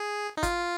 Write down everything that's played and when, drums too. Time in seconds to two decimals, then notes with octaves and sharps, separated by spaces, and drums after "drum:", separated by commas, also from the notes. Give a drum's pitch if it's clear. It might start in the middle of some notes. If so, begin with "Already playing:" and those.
Already playing: G#4
0.37 D#4
0.43 F4, drum: kick, hi-hat